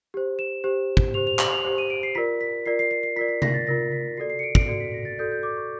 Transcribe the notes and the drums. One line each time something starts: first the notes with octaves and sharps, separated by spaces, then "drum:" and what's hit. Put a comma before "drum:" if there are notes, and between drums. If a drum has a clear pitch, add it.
G4 C5
E7
G4 C5
drum: kick
G4 C5 F7
F7
F#7, drum: clap
F7
G4 C5
D#7
D7
C7
F4 A#4 D5 B6
B6
F4 A#4 D5 C7
C7
C7
C7
F4 A#4 D5 B6
B6
A#6, drum: tom C3
A6
F4 A#4 D5 A#6
B6
F#4 A4 D5 C7
C7
C#7
D7
D7, drum: kick
F#4 A4 D5 C#7
B6
A#6
A6
F#4 A4 D5 G6
G6
D6
C#6